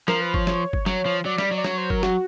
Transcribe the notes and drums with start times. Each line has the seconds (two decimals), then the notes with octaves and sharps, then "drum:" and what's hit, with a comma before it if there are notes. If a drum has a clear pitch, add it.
0.08 F3 A#4, drum: snare
0.21 B4
0.34 C#5, drum: kick
0.47 C#5, drum: snare
0.73 drum: kick
0.86 F#3, drum: snare
1.06 F3
1.25 F#3 D5
1.38 G3, drum: snare
1.51 F#3
1.58 D5
1.64 C#5, drum: snare
1.78 C5
1.90 A#4, drum: kick
2.03 F#4, drum: snare